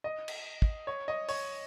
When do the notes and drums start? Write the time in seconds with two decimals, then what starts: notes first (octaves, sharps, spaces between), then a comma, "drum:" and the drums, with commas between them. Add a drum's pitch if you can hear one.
0.04 D#5
0.28 drum: cymbal
0.62 drum: kick
0.87 C#5
1.08 D#5
1.29 C#5, drum: open hi-hat